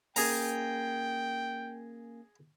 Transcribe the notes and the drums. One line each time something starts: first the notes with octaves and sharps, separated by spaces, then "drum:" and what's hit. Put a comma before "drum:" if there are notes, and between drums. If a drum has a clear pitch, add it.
A#3 C#4 G#4 G5 A#5, drum: open hi-hat